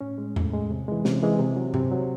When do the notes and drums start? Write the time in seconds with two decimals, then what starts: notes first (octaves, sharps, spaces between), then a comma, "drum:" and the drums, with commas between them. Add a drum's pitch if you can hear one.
0.01 A2 C#4
0.18 G#3
0.36 A2, drum: tom E2
0.53 G#3
0.71 C3
0.88 E3 G#3
1.05 C3 C#4, drum: snare
1.23 E3 G#3
1.40 C3
1.56 F#3
1.74 C3 C4, drum: tom G2
1.91 F#3